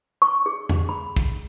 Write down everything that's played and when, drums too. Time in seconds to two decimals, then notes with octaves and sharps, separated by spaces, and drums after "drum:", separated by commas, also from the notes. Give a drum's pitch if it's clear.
0.22 C#6
0.46 G#4
0.69 drum: tom E2
0.89 B5
1.17 drum: kick, hi-hat